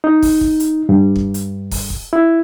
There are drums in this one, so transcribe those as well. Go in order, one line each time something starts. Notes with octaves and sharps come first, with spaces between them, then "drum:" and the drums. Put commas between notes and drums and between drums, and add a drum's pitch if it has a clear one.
D#4
drum: kick, open hi-hat
drum: kick
drum: hi-hat
G2
drum: kick
drum: hi-hat
drum: kick, open hi-hat
drum: kick
E4